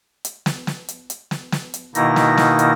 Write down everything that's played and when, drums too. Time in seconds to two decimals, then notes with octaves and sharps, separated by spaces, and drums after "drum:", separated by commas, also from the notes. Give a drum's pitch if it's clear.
0.25 drum: hi-hat
0.46 drum: snare
0.67 drum: snare
0.88 drum: hi-hat
1.10 drum: hi-hat
1.31 drum: snare
1.52 drum: snare
1.74 drum: hi-hat
1.95 B2 D#3 A#3 D#4 E4 A#6, drum: hi-hat
2.16 drum: snare
2.37 drum: snare
2.59 drum: hi-hat